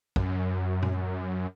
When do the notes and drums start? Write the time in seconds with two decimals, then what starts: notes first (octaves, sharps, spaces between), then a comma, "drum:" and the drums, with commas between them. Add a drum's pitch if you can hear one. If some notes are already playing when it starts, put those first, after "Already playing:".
0.16 F#2, drum: kick
0.83 drum: tom A#2